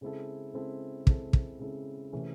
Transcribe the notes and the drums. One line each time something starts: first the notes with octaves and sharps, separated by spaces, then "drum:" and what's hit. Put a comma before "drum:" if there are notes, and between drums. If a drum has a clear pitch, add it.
C#3 G#3 C4 E4 A4
C#3 G#3 C4 E4 A4
C#3 G#3 C4 E4 A4, drum: kick
drum: kick
C#3 G#3 C4 E4 A4
C3 E3 A3 C#4 G#4